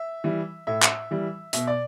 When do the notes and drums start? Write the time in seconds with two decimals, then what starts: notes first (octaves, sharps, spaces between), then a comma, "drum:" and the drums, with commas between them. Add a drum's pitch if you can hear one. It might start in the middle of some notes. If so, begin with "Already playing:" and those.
Already playing: E5
0.24 E3 G3
0.67 A2 E5
0.83 drum: clap
1.11 E3 G3
1.53 B2 E5, drum: hi-hat
1.67 D5